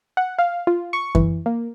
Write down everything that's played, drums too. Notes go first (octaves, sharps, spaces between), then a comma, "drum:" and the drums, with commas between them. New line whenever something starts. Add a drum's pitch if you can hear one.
F#5
F5
F4
C#6
E3, drum: kick F#2
A#3